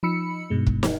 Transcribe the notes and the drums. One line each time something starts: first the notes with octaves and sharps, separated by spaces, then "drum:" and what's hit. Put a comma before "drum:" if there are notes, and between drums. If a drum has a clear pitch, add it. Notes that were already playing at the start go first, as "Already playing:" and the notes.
F3 D#4 B5 E6 C#7
G2 B2 G#3
drum: kick
drum: snare